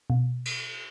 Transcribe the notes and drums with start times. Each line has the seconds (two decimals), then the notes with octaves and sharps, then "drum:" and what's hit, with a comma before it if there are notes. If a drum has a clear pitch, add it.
0.10 B2
0.45 drum: cymbal